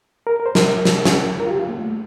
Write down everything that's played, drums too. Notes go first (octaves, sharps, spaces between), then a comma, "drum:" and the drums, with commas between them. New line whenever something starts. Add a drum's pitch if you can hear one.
A#4
A#4
C5
A#4, drum: snare
drum: snare
drum: snare
A#4
F4
G4
F4
A#3
A3